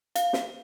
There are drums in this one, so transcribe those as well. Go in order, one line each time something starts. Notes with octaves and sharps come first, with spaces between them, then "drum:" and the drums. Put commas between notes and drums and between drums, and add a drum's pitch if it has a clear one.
F5, drum: hi-hat
drum: snare